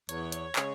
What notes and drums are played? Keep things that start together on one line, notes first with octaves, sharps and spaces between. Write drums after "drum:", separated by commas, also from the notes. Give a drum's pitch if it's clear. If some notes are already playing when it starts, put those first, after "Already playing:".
E2 C#5, drum: hi-hat
drum: hi-hat
C#3 G#3, drum: clap